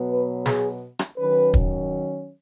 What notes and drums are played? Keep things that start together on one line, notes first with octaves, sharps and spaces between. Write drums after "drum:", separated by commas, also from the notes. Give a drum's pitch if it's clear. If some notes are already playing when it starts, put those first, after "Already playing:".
Already playing: B2 F#3 B3
B4
G#4, drum: snare
drum: rim click
D#3 F#3 C#4 B4
drum: kick